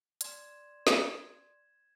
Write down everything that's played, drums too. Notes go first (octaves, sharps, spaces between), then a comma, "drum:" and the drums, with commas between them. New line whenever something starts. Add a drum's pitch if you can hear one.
D5 C6 G#6 E7, drum: hi-hat
drum: snare